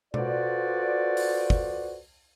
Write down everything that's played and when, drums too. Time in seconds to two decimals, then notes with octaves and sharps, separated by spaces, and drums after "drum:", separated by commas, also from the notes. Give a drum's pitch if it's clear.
0.14 F4 F#4 A4 B4 C5 D5, drum: tom B2
1.17 drum: open hi-hat
1.50 drum: kick